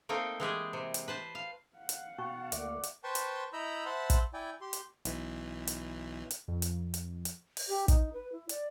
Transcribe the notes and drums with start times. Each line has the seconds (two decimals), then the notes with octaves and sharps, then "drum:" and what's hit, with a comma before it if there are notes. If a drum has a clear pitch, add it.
0.09 A3 A#3 C4 D#4 G5
0.40 E3 G#3 G4 G#4
0.73 C3
0.94 drum: hi-hat
1.08 B4 C5 A5
1.35 F5
1.77 F5 F#5
1.89 drum: hi-hat
2.18 B2 C#4 F#4 A5 C#6
2.52 D2 A3 A#3 D5 E5, drum: hi-hat
2.83 drum: hi-hat
3.04 B4 C5 G5 A5 C6 C#6
3.15 drum: hi-hat
3.53 E4 D#5 A#5 B5 E6 G6
3.86 C5 E5 F#5 A5 B5 C6
4.10 drum: kick, hi-hat
4.34 E4 D5 G5 G#5
4.61 G4 C6
4.73 drum: hi-hat
5.05 B1 E3, drum: hi-hat
5.67 drum: hi-hat
6.31 drum: hi-hat
6.48 F2
6.62 drum: hi-hat
6.94 drum: hi-hat
7.25 drum: hi-hat
7.57 drum: open hi-hat
7.69 G4
7.88 D#4, drum: kick, hi-hat
8.13 B4
8.32 E4
8.49 D5, drum: hi-hat